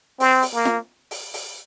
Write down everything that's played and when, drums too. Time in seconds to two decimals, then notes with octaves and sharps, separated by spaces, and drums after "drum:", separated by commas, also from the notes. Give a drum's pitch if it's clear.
0.20 C4, drum: open hi-hat
0.43 drum: open hi-hat
0.54 A#3
0.65 drum: snare
1.11 drum: open hi-hat
1.34 drum: open hi-hat